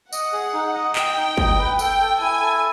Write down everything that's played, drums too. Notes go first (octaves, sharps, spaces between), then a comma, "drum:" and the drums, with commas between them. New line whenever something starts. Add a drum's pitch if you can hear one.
D#5 F#5, drum: tambourine
G#4
D#4
D#5
D#5 G5, drum: clap
D#4
D#5, drum: kick
B4
A4 G5, drum: tambourine
A4
E4 G#5
A4